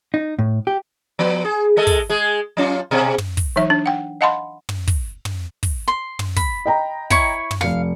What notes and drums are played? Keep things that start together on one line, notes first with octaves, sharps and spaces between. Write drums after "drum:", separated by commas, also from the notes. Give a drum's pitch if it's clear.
D#4
A2
G4
F3 B3
G#4
G#3 A4 D#5
drum: kick, open hi-hat
G#3 G#4
F#3 C#4 F4
B2 C4 G#4
drum: tom
drum: kick, open hi-hat
E3 F#3 D#4 E5
D4
F#5 G5
D#5 F5 F#5 A5 B5 C6
drum: tom
drum: kick, open hi-hat
drum: tom
drum: kick, open hi-hat
C6
drum: tom
B5, drum: kick, open hi-hat
D#5 G5 A#5
E4 C#5 C#6, drum: kick, open hi-hat
drum: tom
F1 F5 C#7